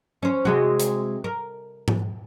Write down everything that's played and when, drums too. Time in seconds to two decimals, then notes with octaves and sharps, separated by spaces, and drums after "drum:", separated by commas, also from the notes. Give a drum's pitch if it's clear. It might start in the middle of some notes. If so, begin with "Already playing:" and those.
0.23 C#4 C5
0.45 C3 G#3 F#4
0.80 drum: hi-hat
1.24 A#4
1.88 drum: tom G#2